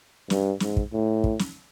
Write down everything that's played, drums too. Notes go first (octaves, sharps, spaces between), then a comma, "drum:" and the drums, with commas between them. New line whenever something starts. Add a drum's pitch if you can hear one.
G2, drum: snare
G#2, drum: snare
drum: kick
A2
drum: kick
drum: snare